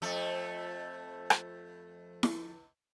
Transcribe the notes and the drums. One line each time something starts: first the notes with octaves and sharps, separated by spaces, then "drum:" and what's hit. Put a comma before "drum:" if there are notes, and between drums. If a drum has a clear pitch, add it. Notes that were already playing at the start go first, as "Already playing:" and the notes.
F2 A3 A4
drum: rim click
drum: snare E4